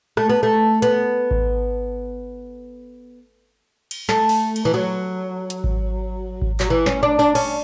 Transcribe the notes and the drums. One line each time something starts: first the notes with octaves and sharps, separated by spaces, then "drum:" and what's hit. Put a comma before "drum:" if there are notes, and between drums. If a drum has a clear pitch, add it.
A3, drum: rim click
B3
A3
B3, drum: hi-hat
drum: kick G#1
drum: cymbal
A3, drum: snare
drum: open hi-hat
drum: cymbal
E3
F#3
drum: hi-hat
drum: kick G#1
drum: kick G#1
F#3, drum: clap
E3
C#4, drum: snare
D4
D4, drum: tambourine
C#4, drum: cymbal